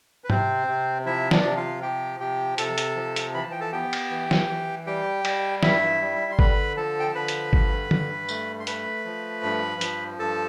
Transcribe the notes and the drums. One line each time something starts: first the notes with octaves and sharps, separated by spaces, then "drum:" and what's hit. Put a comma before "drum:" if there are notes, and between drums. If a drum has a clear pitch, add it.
B4
C3 C4 C5, drum: tom G#2
C3
F3 E4 E5
D4 D5, drum: snare
C3
F4 F5
F3 G4 G5
C3 G4 G5
C3 A4 A5, drum: hi-hat
drum: hi-hat
F3
drum: hi-hat
E3 B5
A5
G5
A4 A5
B3 G4 G5
drum: cymbal
E3
drum: snare
E3
G3 G4 G5
G3, drum: cymbal
G2 E4 E5, drum: snare
G3
C6
D3 B4 B5, drum: kick G1
F3 A4 A5
G5
A5
D3 B4 B5
drum: hi-hat
G2, drum: kick G1
G2, drum: tom D3
A3, drum: tambourine
C6
A3 B4 B5, drum: hi-hat
F3
G2
F3, drum: hi-hat
G2 A4 A5